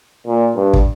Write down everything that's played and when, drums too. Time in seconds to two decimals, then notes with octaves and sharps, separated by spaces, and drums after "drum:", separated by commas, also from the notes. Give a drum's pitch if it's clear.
0.27 A#2
0.56 G2
0.73 drum: kick